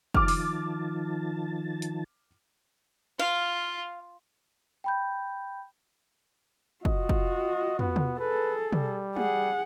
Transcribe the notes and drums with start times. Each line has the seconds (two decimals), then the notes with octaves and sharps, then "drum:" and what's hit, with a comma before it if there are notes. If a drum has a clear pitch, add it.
0.14 D#3 F3 A5 D6 F6, drum: kick
0.28 drum: open hi-hat
1.82 drum: hi-hat
3.19 F4 F5
4.84 G5 B5 G6
6.85 F4 F#4 D#5, drum: kick
7.09 drum: kick
7.79 B3, drum: tom
7.96 drum: tom
8.19 G#4 A4 B4
8.73 G3, drum: tom
9.16 G#4 F#5, drum: tom